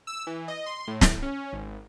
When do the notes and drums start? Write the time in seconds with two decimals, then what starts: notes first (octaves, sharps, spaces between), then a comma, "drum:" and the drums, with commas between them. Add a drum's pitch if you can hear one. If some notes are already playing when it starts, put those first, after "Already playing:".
0.07 E6
0.27 E3
0.48 D#5
0.66 C6
0.88 A2
1.01 drum: snare
1.22 C#4
1.53 G#1